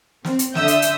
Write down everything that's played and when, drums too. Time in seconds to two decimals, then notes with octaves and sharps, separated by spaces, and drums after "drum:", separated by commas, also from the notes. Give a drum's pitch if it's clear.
0.25 C4, drum: snare
0.39 drum: hi-hat
0.55 D3 E5 D#6 E6 G6, drum: snare
0.68 drum: hi-hat
0.82 drum: hi-hat